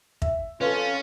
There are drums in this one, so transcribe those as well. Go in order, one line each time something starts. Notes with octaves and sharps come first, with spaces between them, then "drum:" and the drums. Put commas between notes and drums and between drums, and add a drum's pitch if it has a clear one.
E5, drum: kick
F2 C#4 F4 A4 B4